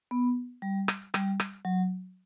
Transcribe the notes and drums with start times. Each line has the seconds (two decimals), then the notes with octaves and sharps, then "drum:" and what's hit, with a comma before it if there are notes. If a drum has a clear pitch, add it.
0.11 B3
0.62 G3
0.88 drum: rim click
1.14 G3, drum: rim click
1.40 drum: rim click
1.65 F#3